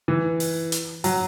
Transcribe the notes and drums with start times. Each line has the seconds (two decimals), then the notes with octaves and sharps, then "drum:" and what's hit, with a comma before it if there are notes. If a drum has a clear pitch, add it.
0.08 E3
0.40 drum: open hi-hat
0.72 drum: hi-hat
1.04 F#3, drum: open hi-hat